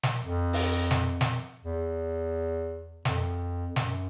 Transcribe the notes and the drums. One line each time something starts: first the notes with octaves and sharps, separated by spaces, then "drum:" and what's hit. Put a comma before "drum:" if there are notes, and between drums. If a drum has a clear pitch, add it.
drum: snare
F2
drum: open hi-hat
drum: snare
drum: snare
E2
F2, drum: snare
F#2, drum: snare